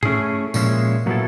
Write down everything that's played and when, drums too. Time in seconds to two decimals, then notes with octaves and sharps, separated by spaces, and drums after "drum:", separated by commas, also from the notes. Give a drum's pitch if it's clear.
0.03 A3 C#4 E4 G#4, drum: tom G#2
0.54 A#2 F3 G#3 C#4 E4, drum: tambourine
1.06 A#2 F#3 B3 E4 A4